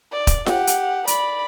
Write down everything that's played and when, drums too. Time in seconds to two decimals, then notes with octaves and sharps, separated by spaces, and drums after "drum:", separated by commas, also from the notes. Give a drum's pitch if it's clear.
0.12 D5
0.27 drum: kick, hi-hat
0.46 G4 F#5, drum: snare F4
0.67 drum: hi-hat
1.07 D5 B5, drum: hi-hat